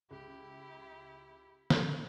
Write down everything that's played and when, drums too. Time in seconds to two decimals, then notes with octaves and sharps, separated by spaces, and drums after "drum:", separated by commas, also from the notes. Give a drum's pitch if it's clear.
0.11 C#2 E4 G4
1.70 drum: snare